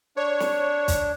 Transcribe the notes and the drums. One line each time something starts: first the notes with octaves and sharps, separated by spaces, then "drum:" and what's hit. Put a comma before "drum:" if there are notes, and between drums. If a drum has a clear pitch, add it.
D4 C#5
drum: snare
drum: kick, hi-hat